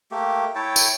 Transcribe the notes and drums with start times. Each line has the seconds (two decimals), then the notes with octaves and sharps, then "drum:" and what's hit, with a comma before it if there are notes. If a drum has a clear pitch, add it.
0.11 A3 A#3 G4
0.55 E4 C#5 G5 A5
0.76 drum: tambourine